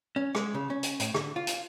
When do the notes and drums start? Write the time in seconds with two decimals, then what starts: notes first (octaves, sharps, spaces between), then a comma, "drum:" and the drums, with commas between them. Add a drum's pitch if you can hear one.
0.16 C#4
0.35 G#3, drum: rim click
0.54 C#3
0.70 C#4
0.83 drum: hi-hat
1.00 A2, drum: hi-hat
1.14 D3, drum: rim click
1.36 F4
1.47 drum: hi-hat